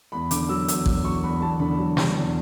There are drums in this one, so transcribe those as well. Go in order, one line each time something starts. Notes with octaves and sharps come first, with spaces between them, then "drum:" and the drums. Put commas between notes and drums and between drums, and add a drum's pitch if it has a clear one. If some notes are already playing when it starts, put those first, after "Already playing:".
E2 B5
D3 D6, drum: hi-hat
F#3 E6
E2 E6, drum: hi-hat
F#3, drum: kick A1
E2 C#6
E2 B5
E2 A5
D3 B5
F#3
D3, drum: snare
E2